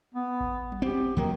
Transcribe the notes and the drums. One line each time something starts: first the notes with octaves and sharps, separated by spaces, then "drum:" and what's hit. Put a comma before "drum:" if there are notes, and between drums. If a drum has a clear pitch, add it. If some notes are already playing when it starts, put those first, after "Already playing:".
B3
drum: kick A1
drum: tom F#3
C4 G4
D#2 D#3 F#3 A#3